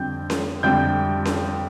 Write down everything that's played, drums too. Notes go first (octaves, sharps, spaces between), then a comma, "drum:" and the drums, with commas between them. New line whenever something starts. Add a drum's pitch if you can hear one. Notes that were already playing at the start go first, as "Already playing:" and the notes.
Already playing: F2 D3 G3 G5 G6
drum: snare C#4
F2 D3 G3 G5 G6
drum: snare C#4